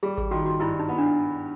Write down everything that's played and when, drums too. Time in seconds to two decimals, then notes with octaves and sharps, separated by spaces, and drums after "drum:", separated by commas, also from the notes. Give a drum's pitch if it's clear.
0.03 G3 G#4
0.18 G#4, drum: kick G#1
0.31 D#3 F#4
0.46 F#4
0.60 G2 E4
0.80 D#4
0.89 B3
0.98 D4